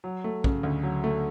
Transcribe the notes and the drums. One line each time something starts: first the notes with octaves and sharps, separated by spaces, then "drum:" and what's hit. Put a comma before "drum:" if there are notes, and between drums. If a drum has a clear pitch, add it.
F#3
A3
C#3, drum: kick
D2
F#3
A3